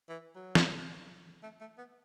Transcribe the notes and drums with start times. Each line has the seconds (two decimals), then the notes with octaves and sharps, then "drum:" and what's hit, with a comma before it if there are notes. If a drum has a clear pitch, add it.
0.09 E3
0.36 F#3
0.55 drum: snare
1.43 A3
1.61 A3
1.78 B3